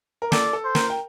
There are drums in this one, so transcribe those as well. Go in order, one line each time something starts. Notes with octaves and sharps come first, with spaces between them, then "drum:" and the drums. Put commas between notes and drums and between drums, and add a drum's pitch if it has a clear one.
A#4
A4 D5, drum: snare
A4
C5
A#4, drum: snare
G5